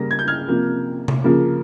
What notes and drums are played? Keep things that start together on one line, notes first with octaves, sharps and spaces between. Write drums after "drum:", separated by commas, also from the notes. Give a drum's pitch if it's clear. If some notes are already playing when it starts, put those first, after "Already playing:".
Already playing: C#3 G3 A#3 A#6
G#6
G6
F6 G#6
C3 F3 A#3
drum: tom C3
C#3 F3 A#3